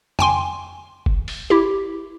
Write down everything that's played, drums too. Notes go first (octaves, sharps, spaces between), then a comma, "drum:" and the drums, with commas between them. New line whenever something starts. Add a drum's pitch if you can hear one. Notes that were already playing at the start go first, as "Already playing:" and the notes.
G5 G#5 C6, drum: tom F2
drum: kick F#1
drum: open hi-hat
E4 G4